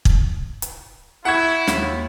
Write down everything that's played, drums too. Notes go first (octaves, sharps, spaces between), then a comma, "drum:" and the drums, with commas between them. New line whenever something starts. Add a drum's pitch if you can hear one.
drum: kick
drum: hi-hat
E4 F#5 C#6 G#6
D#2, drum: snare